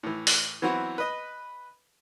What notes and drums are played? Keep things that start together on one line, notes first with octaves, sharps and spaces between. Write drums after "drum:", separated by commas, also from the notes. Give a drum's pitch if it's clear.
A2 E3
drum: open hi-hat
E3 F#3 B3 C4 E4 F#4
B4 D#5